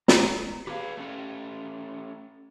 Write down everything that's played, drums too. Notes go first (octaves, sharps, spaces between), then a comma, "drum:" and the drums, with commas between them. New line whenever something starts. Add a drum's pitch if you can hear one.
A#5, drum: snare
G4 G#4 B4 F5
A3 C#4